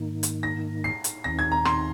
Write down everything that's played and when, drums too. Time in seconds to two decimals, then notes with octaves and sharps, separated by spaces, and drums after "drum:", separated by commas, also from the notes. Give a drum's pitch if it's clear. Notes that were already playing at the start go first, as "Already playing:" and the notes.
Already playing: G#2 D#3 A#3 D#4
0.23 drum: hi-hat
0.43 A#6
0.84 C7
1.04 drum: hi-hat
1.24 D#2 D#3 C4 D#4 A#6
1.39 G#6
1.52 A#5
1.65 C6, drum: rim click